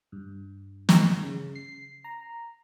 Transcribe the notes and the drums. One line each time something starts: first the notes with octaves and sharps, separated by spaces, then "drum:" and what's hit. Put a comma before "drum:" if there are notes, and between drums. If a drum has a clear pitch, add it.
G2
drum: snare
C#3
C7
A#5